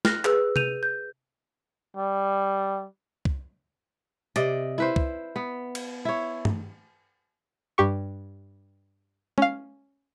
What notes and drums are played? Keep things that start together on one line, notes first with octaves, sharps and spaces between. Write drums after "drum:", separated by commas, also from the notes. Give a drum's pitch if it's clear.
F6 F#6 A#6, drum: snare
G#4 B4 E6, drum: clap
G6 D#7 F7, drum: tom C3
G6
G3
drum: kick
C3 D5 D#5, drum: hi-hat
E4 B4 C5
drum: kick
B3
drum: cymbal
E4 C#5
drum: tom G2
G2 G4 C#6
C#4 F5, drum: tom